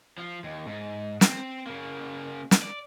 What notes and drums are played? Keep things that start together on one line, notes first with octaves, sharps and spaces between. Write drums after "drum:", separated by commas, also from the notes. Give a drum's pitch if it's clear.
F3 F4
D#2
G#2
C4 C5, drum: snare
C#3 A#3
drum: snare
D5